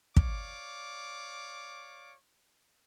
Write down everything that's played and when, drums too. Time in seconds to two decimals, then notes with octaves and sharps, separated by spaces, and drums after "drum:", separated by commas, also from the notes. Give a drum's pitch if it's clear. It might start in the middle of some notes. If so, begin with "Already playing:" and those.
0.16 C#5 D5 F5 D6, drum: kick